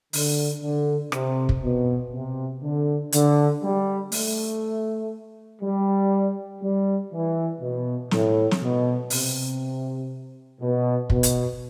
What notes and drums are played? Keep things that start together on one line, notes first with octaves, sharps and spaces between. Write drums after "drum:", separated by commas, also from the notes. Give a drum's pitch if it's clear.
D3, drum: open hi-hat
D3
C3, drum: rim click
drum: kick
B2
C3
D3
D3, drum: hi-hat
G3
A3, drum: open hi-hat
G3
G3
E3
B2
A2, drum: snare
drum: snare
B2
C3, drum: open hi-hat
B2
B2, drum: kick
drum: hi-hat